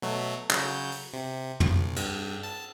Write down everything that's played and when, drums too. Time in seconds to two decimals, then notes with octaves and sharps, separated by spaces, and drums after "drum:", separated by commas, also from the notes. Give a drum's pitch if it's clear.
0.02 B2 F#3 A3
0.50 C#3 F#3 G6, drum: clap
0.92 drum: open hi-hat
1.13 C3
1.60 B1, drum: tom
1.96 G2, drum: cymbal
2.43 A5